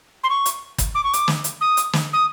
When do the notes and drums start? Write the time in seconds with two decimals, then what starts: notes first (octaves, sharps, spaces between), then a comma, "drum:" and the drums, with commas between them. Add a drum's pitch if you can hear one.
0.24 C6
0.30 C#6
0.46 drum: hi-hat
0.78 drum: kick, hi-hat
0.95 D6
1.04 C#6
1.13 D6, drum: hi-hat
1.28 drum: snare
1.44 drum: hi-hat
1.61 D#6
1.77 drum: hi-hat
1.93 drum: snare
2.13 D#6